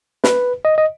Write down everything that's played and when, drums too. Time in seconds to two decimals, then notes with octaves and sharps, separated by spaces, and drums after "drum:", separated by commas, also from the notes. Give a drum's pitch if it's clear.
0.24 B4, drum: snare
0.65 D#5
0.78 D#5